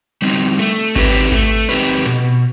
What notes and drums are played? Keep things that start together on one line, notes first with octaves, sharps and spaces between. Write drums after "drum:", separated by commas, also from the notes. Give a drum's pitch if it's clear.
G3 C4 D#4
A3
C4 D#4 G4 B4, drum: kick G#1
A3, drum: kick G#1
C4 D#4 G4 B4
B2, drum: snare